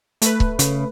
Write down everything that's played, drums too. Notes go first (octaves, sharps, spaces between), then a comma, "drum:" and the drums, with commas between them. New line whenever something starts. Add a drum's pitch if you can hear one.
A3 B4, drum: hi-hat
drum: kick C#1
C#3, drum: hi-hat